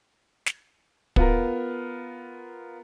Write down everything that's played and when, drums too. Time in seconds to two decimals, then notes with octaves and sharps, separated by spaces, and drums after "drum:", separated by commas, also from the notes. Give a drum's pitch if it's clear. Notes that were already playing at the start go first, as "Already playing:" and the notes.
0.46 drum: snare
1.16 B3 F4 A#4, drum: kick